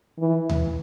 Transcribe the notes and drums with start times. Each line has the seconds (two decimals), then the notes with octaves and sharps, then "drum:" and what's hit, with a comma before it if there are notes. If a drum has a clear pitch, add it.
0.19 E3
0.49 drum: tom D2